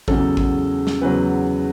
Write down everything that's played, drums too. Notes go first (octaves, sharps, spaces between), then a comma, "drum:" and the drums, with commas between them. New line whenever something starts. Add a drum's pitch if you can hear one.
E2 C#3 F#3 A4, drum: kick A1
drum: kick A1
drum: snare
E2 C#3 F#3 B4